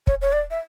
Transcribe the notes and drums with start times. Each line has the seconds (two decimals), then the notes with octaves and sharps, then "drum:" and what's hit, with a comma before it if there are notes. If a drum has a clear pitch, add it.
0.07 C#5, drum: kick
0.22 C#5
0.33 D5
0.51 E5